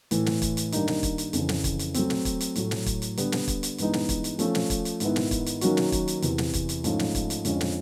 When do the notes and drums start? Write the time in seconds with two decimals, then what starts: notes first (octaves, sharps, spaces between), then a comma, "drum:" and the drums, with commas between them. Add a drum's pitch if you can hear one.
0.11 A2 E3 A3, drum: hi-hat
0.26 drum: snare
0.42 drum: kick, hi-hat
0.57 drum: hi-hat
0.72 G2 D#3 G3 A#3 D#4, drum: hi-hat
0.88 drum: snare
1.03 drum: kick, hi-hat
1.18 drum: hi-hat
1.33 F2 C#3 E3, drum: hi-hat
1.49 drum: snare
1.64 drum: kick, hi-hat
1.79 drum: hi-hat
1.94 F#3 A3 C4, drum: hi-hat
2.10 drum: snare
2.25 drum: kick, hi-hat
2.40 drum: hi-hat
2.55 A2 F#3 A3, drum: hi-hat
2.71 drum: snare
2.86 drum: kick, hi-hat
3.02 drum: hi-hat
3.17 D3 G3 B3, drum: hi-hat
3.32 drum: snare
3.48 drum: kick, hi-hat
3.63 drum: hi-hat
3.78 G2 E3 G#3 B3 D#4, drum: hi-hat
3.93 drum: snare
4.09 drum: kick, hi-hat
4.24 drum: hi-hat
4.39 F3 A3 C#4, drum: hi-hat
4.55 drum: snare
4.70 drum: kick, hi-hat
4.85 drum: hi-hat
5.00 G#2 D#3 G#3 B3 E4, drum: hi-hat
5.16 drum: snare
5.31 drum: kick, hi-hat
5.46 drum: hi-hat
5.61 D#3 F#3 A#3 C#4 F#4, drum: hi-hat
5.77 drum: snare
5.92 drum: kick, hi-hat
6.08 drum: hi-hat
6.22 E2 C3 E3, drum: hi-hat
6.38 drum: snare
6.53 drum: kick, hi-hat
6.69 drum: hi-hat
6.84 G#2 F3 A3 C#4, drum: hi-hat
6.99 drum: snare
7.15 drum: kick, hi-hat
7.30 drum: hi-hat
7.45 F2 D3 F3 G#3 C#4, drum: hi-hat
7.61 drum: snare